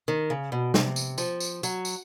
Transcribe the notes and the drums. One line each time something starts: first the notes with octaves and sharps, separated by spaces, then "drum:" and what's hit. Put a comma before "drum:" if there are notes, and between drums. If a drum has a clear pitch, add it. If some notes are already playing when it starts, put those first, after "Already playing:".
D#3
C#3
B2
C3, drum: snare
drum: tambourine
F3, drum: tambourine
drum: tambourine
F#3, drum: tambourine
drum: tambourine